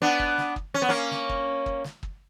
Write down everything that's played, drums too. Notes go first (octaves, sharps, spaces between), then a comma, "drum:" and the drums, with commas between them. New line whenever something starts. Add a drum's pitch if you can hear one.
B3 D4
drum: kick
drum: snare
drum: kick
C#4
B3
A#3 C#4
drum: snare
drum: kick
drum: kick
drum: snare
drum: kick